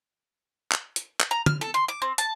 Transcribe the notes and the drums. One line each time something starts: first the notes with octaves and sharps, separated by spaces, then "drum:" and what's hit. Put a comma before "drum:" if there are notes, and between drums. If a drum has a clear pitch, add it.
drum: clap
drum: hi-hat
drum: clap
A#5
F6, drum: tom
A4
C6
D6
C4
A5, drum: hi-hat